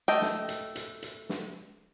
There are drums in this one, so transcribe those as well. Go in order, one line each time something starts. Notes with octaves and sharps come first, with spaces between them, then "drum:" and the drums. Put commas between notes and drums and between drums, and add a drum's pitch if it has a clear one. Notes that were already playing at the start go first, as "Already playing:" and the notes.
A3 D#5 G5
drum: snare
drum: hi-hat
drum: hi-hat
drum: hi-hat
drum: snare